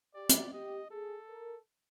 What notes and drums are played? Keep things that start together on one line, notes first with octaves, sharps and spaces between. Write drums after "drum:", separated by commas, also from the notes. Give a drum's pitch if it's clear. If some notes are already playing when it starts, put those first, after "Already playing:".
G4 D5
drum: hi-hat
G4 D#5
G#4 A4
A#4